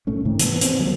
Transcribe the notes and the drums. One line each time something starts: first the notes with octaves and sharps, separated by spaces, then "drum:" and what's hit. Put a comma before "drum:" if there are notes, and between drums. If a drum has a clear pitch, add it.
C2 A2 A3 C#4
G#2 C3 D#3
E3 B3, drum: hi-hat
C4, drum: hi-hat
D#3 F#3 A#3